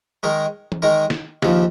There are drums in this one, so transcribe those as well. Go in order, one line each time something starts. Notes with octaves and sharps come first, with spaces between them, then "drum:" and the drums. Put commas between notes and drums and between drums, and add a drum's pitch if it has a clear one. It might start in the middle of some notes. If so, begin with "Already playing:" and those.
D#3 G#3 D#4 A#4 C#5
drum: tom E3
D#3 G#3 D#4 A#4 C#5
drum: snare
D#2 C#3 F3, drum: snare